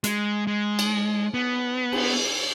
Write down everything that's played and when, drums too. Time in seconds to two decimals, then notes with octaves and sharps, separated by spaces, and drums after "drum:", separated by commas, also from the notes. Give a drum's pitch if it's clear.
0.04 G#3, drum: hi-hat
0.47 G#3
0.79 drum: cymbal
1.34 B3
1.92 drum: cymbal